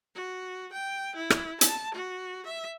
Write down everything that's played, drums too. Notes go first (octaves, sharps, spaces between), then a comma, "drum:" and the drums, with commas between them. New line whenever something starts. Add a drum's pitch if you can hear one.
F#4
G5
E4
drum: rim click
A5, drum: hi-hat
F#4
E5